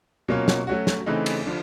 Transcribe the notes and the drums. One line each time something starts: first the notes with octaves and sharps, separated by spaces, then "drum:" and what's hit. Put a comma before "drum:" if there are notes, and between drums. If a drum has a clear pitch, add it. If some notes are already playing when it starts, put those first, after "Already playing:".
B2 F#3 A#3 C#4 F4
drum: snare
F#3 A3 C#4 F#4
drum: snare
C#3 E3 A3 C4 D#4
drum: cymbal
D3 F3